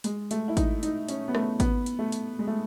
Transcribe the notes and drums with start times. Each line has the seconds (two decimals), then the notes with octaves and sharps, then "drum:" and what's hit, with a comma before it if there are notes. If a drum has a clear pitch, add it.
0.04 G#3, drum: hi-hat
0.31 A3, drum: hi-hat
0.48 E4
0.57 D#4, drum: kick, hi-hat
0.83 D#4, drum: hi-hat
1.08 C#4, drum: hi-hat
1.28 B3
1.35 A3, drum: rim click
1.60 B3, drum: kick, hi-hat
1.86 drum: hi-hat
1.99 A3
2.12 drum: hi-hat
2.39 G#3
2.47 A3